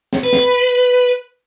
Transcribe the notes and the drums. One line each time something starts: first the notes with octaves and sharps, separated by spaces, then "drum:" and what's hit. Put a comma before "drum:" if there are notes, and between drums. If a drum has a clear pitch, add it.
drum: snare
B4
drum: snare